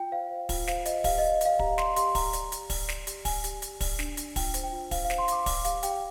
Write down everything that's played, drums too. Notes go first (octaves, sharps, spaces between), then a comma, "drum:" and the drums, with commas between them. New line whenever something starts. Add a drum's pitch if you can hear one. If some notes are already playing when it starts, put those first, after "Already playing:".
Already playing: F4 G5
C5 F5
C5
F4, drum: kick, open hi-hat
C5 F5, drum: snare
C5 D#5, drum: hi-hat
G4 F5, drum: kick, open hi-hat
D5 D#5
D5 F5, drum: hi-hat
G4 A#5, drum: kick
D5 C6, drum: snare
G4 C6, drum: hi-hat
G4 A#5, drum: kick, open hi-hat
D5, drum: hi-hat
G4, drum: hi-hat
D5, drum: kick, open hi-hat
D5, drum: snare
G4, drum: hi-hat
D5 G#5, drum: kick, open hi-hat
G4, drum: hi-hat
G4, drum: hi-hat
D5, drum: kick, open hi-hat
D4, drum: snare
D4, drum: hi-hat
F4 G5, drum: kick, open hi-hat
C5, drum: hi-hat
G5
F4
C5 F5, drum: kick, open hi-hat
F5
C5, drum: snare
C6
C5 D6, drum: hi-hat
D5 D6, drum: kick, open hi-hat
G4 F5, drum: hi-hat
G4 G5, drum: hi-hat